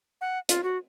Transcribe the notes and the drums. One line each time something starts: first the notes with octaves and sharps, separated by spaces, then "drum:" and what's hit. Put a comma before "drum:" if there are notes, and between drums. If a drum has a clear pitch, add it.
F#5
F4, drum: hi-hat
F#4